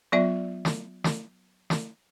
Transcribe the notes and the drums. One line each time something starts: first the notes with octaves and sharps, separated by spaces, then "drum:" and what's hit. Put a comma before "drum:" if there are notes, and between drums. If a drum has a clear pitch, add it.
F#3 B3 F4 D5 E5
drum: snare
drum: snare
drum: snare